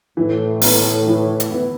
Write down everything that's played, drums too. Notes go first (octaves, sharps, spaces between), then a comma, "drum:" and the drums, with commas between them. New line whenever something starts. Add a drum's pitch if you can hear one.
A2 E3
B3 E4, drum: open hi-hat
E3
drum: hi-hat
B3 E4